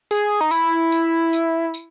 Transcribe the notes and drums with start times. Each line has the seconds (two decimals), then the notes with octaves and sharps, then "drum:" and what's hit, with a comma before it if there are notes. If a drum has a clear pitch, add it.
0.11 G#4, drum: tambourine
0.41 D#4
0.51 E4, drum: tambourine
0.92 drum: tambourine
1.33 drum: tambourine
1.74 drum: tambourine